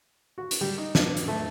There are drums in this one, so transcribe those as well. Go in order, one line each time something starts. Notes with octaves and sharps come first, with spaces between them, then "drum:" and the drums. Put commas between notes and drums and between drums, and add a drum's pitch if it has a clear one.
F#4
drum: hi-hat
G3
D#4
D4, drum: snare
drum: hi-hat
A3